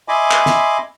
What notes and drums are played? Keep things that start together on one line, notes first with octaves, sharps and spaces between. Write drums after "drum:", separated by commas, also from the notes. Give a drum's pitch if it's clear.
D#5 E5 G#5 B5 C6 D6
drum: clap
drum: snare